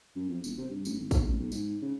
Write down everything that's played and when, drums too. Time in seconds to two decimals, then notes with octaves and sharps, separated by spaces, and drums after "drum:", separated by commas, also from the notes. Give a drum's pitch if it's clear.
0.16 F#2
0.29 F2
0.44 E1, drum: tambourine
0.58 C3
0.70 G2
0.85 A1, drum: tambourine
0.97 G#1
1.11 B1, drum: kick, tambourine
1.27 A1
1.38 B1
1.52 G#2, drum: tambourine
1.82 C#3